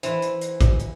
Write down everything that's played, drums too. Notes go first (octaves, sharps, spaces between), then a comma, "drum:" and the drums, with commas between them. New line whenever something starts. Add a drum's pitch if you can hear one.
E3 C5, drum: hi-hat
drum: hi-hat
drum: hi-hat
drum: kick, hi-hat
drum: hi-hat